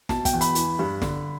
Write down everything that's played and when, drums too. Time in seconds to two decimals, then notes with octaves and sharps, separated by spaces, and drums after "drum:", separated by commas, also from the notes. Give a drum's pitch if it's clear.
0.09 B2 A5, drum: snare
0.25 G5, drum: kick, hi-hat
0.33 E2
0.41 B5, drum: hi-hat
0.55 E3, drum: hi-hat
0.79 G2
1.02 D3, drum: snare